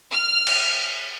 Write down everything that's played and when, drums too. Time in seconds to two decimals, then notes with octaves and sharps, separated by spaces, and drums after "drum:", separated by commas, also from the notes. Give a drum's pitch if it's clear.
0.11 F6
0.47 drum: cymbal